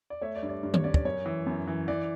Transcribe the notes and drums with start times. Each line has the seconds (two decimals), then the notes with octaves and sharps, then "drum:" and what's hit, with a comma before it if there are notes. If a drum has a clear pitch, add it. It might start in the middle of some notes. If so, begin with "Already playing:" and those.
0.10 D5
0.22 A3 C#5 E5
0.36 D5
0.43 G2
0.49 D5
0.63 G2
0.74 C#5, drum: tom D#3
0.84 C#4 D5
0.94 D5, drum: kick
1.05 F#2 C#5
1.26 E3
1.46 F#2
1.67 E3
1.88 E3 D5